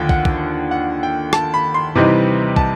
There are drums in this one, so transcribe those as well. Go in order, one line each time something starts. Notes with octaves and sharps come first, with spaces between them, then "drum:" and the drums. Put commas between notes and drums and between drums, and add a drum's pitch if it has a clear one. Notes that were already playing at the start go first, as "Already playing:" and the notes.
Already playing: D#2 D3 F3 G5
F#5, drum: kick
drum: kick
F#5
G5
A5, drum: rim click
B5
C6
C3 E3 G3 C4 D#4
A5, drum: kick